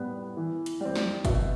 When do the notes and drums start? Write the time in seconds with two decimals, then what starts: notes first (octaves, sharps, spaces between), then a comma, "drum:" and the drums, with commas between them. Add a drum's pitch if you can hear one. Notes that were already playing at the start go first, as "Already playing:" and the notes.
Already playing: A2 G3 B3
0.37 E3
0.66 drum: hi-hat
0.81 G3 C4
0.96 drum: snare
1.25 B2 E5, drum: kick, hi-hat